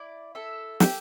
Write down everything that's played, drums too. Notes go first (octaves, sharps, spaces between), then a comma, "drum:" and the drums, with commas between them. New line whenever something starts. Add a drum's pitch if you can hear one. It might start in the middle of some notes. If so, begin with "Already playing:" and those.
Already playing: E4 D5
A4 E5
G4 G5, drum: snare